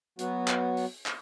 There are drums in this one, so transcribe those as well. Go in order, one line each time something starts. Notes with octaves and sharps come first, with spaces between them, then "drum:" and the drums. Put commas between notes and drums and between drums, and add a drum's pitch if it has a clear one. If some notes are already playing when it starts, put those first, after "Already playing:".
F#3 B3 F#4, drum: hi-hat
drum: clap
drum: open hi-hat
drum: clap